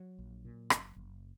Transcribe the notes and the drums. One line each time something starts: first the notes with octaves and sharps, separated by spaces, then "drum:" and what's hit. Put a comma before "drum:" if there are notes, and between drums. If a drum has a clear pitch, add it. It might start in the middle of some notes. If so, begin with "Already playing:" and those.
Already playing: F#3
A#1
A#2
F#1, drum: rim click
F#1